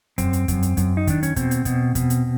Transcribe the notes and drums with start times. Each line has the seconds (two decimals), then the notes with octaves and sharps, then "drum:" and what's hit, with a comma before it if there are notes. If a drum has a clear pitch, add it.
0.18 F#2 C4, drum: kick E2, hi-hat
0.33 drum: hi-hat
0.48 F#2, drum: kick E2, hi-hat
0.63 drum: hi-hat
0.77 F#2, drum: kick E2, hi-hat
0.97 D#4
1.07 D#3 D4, drum: kick E2, hi-hat
1.23 C#4, drum: hi-hat
1.36 B2 C4, drum: kick E2, hi-hat
1.51 drum: hi-hat
1.65 B2, drum: kick E2, hi-hat
1.95 B2, drum: kick E2, hi-hat
2.10 drum: hi-hat